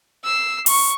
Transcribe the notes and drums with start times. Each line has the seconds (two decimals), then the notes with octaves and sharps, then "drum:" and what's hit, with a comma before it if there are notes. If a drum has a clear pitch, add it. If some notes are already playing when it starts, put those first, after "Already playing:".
0.24 E6 C7
0.66 C#6, drum: open hi-hat